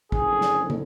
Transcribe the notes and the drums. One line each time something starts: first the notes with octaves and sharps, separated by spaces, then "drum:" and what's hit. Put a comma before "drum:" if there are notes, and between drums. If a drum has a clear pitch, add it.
F#1 F2 D3 G#4, drum: kick
drum: snare
drum: tom